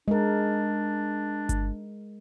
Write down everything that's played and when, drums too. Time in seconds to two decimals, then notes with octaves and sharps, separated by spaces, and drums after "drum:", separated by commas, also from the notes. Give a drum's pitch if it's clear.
0.08 G#3 D4 A#4
1.49 drum: kick G1, hi-hat